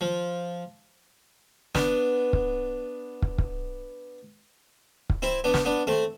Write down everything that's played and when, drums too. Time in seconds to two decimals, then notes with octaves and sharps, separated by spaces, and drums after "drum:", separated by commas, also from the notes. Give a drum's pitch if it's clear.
0.01 F3
1.75 B3 D4, drum: snare
2.33 drum: kick
3.22 drum: kick
3.38 drum: kick
5.10 drum: kick
5.22 C4 E4
5.44 B3 D4
5.54 drum: snare
5.65 B3 D4
5.87 A3 C4